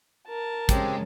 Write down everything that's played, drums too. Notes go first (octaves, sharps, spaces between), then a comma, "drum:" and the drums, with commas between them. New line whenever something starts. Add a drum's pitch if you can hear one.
A#4 A5
C#3 G#3 C4 G4, drum: kick, hi-hat